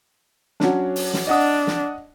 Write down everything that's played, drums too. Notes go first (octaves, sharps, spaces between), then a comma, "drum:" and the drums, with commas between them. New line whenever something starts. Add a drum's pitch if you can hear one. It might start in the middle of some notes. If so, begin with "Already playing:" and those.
F#3 C#4 D4, drum: snare
drum: open hi-hat
drum: snare
D4 D#5 F#5 D#6
drum: snare